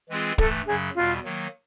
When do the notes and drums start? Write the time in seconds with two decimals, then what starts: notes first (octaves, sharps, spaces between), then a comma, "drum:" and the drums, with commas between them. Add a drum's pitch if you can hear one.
0.09 E3 G#3 C4 F4 G#4
0.38 G2 E3 A3 A4, drum: kick
0.67 F#2 C#3 F#3 G#4
0.95 E2 B2 G3 F4
1.24 D#3 F#3 A#3